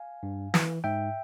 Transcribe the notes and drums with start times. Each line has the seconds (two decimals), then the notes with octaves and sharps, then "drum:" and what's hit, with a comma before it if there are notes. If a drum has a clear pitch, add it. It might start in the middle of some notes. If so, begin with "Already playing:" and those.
Already playing: F5 G#5
0.23 G2
0.54 E3, drum: snare
0.84 G#2 E5 G5